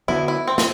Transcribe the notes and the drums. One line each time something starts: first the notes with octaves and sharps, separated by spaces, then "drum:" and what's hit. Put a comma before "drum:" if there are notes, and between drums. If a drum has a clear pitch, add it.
D3 F#3 B3 D4 E4
E4
C4
C4, drum: snare